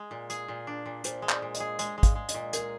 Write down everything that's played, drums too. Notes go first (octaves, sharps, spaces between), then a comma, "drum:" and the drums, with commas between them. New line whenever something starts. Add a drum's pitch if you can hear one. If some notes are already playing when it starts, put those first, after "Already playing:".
Already playing: G#3
A#2
G#4, drum: hi-hat
A#2
D4
A#2
A#2 C5, drum: hi-hat
G#3
D5, drum: clap
A#2
D#5, drum: hi-hat
G#4
G#3 D#5, drum: hi-hat
G#3
F5, drum: kick, hi-hat
G#3
D#5, drum: hi-hat
A#2
G#4 A#4, drum: hi-hat